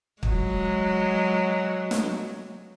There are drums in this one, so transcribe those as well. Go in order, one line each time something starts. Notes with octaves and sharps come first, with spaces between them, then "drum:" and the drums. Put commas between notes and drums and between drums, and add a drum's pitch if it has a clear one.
F#3 G#3, drum: kick
drum: snare